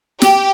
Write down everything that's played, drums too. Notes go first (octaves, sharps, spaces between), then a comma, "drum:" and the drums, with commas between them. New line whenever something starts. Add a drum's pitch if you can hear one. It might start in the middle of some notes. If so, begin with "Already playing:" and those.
G4, drum: snare